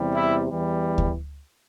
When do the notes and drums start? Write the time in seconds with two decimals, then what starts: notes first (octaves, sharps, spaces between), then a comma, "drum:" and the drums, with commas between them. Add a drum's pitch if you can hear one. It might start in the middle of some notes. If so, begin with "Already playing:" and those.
Already playing: E2 C3 E3 G3
0.15 E4 E5
0.49 E2 E3 G3
0.98 drum: kick D2